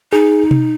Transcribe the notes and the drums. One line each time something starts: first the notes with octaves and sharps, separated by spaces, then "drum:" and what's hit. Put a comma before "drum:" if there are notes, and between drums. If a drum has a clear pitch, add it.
D#4 G#4
drum: tom B2